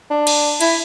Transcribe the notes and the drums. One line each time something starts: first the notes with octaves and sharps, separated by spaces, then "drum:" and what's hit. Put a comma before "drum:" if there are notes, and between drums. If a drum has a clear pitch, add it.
D4
drum: cymbal
E4, drum: cymbal